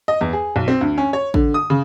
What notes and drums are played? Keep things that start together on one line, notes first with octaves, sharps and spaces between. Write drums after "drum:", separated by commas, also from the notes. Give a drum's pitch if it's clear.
D#5
E2
G#4
B1
C4
D2
C#4
C#5
D3, drum: kick A1
D#6
C#3